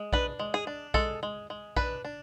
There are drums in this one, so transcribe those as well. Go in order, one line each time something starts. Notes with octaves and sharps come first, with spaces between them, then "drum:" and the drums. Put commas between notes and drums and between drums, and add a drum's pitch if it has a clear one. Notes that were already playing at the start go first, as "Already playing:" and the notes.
Already playing: G#3
D4 B4, drum: kick A#1
G#3
G#4
D4
G#3 A4, drum: kick A#1
G#3
G#3
D4 B4, drum: kick A#1
D4